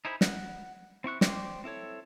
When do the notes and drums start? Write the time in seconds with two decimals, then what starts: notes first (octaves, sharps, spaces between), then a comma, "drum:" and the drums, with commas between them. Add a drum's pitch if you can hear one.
0.05 D#4 E4 G#4 C5 B5
0.21 F#5, drum: snare
1.04 C4 E4 C#6 F#6
1.21 C5 D5 G5 C6 D6, drum: snare
1.64 C4 E4 A4 C#5